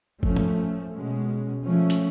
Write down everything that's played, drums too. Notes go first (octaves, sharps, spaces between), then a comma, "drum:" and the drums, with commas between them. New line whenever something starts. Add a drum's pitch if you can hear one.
F3 A3 C#4, drum: kick
drum: tom
B2 G#3 C#4
F3 A3 C#4
drum: hi-hat